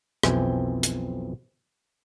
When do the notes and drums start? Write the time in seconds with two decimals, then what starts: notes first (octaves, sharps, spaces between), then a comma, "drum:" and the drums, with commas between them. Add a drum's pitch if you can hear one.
0.23 B1 F2 E3 C4 G5 G#5, drum: rim click
0.83 drum: hi-hat